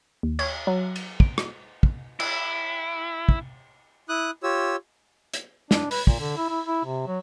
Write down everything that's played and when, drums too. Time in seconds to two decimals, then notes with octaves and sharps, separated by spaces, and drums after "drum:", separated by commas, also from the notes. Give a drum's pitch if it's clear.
0.23 D#2
0.39 C#5, drum: cymbal
0.67 F#3
0.96 drum: cymbal
1.20 D7, drum: kick
1.38 drum: rim click
1.83 drum: kick
2.20 E4, drum: cymbal
3.29 drum: kick
4.09 E4 D#6 F#6
4.43 F4 G4 C#5 E6
5.34 drum: hi-hat
5.71 D4, drum: snare
5.91 B4, drum: open hi-hat
6.07 A#2, drum: kick
6.20 D3
6.37 E4
6.49 E4
6.66 E4
6.85 C3
7.07 F#3